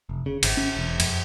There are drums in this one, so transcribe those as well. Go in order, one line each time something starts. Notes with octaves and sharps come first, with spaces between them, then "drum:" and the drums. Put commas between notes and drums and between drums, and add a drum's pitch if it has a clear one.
F1
C#3
G#1, drum: cymbal
C#4
E1
F2, drum: cymbal